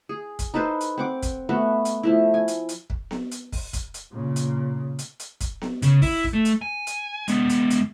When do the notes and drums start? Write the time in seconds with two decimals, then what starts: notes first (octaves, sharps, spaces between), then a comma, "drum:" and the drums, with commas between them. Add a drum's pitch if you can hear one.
0.09 G#4
0.39 drum: kick, hi-hat
0.54 D#4 A4 B4 C5
0.81 drum: hi-hat
0.98 C4 F#5 D6
1.23 drum: kick, hi-hat
1.49 A3 B3 F#4
1.85 drum: hi-hat
2.03 F3 A3 E4
2.34 G#5
2.48 drum: hi-hat
2.69 drum: hi-hat
2.90 drum: kick
3.11 drum: snare B3
3.32 drum: hi-hat
3.52 drum: kick, open hi-hat
3.73 drum: kick, hi-hat
3.94 drum: hi-hat
4.12 A#2 C#3
4.36 drum: hi-hat
4.99 drum: hi-hat
5.20 drum: hi-hat
5.41 drum: kick, hi-hat
5.61 drum: snare B3
5.82 C#3, drum: hi-hat
6.02 E4, drum: kick, open hi-hat
6.24 drum: kick
6.33 A3
6.45 drum: hi-hat
6.62 G#5
6.87 drum: hi-hat
7.28 G#3 B3, drum: hi-hat
7.50 drum: hi-hat
7.71 drum: hi-hat